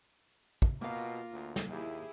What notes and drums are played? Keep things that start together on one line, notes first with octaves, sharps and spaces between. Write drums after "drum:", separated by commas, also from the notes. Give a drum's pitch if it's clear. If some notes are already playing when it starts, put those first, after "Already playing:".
drum: kick
B2 A#3 F4 A#4 F5
D2
drum: snare
D#2 E4 G4 G#4